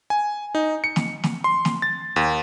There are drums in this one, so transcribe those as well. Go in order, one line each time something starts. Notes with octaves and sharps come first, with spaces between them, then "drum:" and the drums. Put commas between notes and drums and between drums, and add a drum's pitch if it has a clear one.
G#5
D#4
C#7
drum: snare
drum: snare
C6
drum: snare
A6
D#2